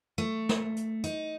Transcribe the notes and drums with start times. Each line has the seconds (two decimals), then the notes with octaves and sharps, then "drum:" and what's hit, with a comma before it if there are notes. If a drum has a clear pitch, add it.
0.18 A3
0.49 drum: snare
0.76 drum: hi-hat
1.04 D#4, drum: hi-hat